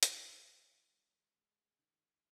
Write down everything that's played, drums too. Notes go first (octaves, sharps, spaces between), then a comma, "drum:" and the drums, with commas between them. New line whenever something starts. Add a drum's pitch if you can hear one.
C#4, drum: hi-hat
E3
G#3
G#3
D#3